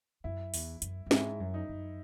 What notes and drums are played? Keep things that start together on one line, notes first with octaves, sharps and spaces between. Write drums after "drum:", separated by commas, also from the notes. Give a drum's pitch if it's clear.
F#2 E4
E2, drum: open hi-hat
F#2, drum: hi-hat
F#2
G#2 E4, drum: snare
F#2
D#4
F#2